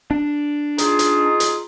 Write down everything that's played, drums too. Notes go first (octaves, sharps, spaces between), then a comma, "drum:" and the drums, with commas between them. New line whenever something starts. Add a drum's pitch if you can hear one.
D4
D#4 F4 G#4, drum: hi-hat
drum: hi-hat
drum: hi-hat